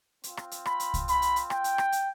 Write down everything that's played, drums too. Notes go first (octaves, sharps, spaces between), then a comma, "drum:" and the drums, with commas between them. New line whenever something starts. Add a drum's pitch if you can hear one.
C4 F4, drum: hi-hat
drum: rim click
drum: hi-hat
B5, drum: rim click
drum: hi-hat
drum: kick C2, hi-hat
B5, drum: hi-hat
drum: hi-hat
drum: hi-hat
G5, drum: rim click
drum: hi-hat
drum: rim click
drum: hi-hat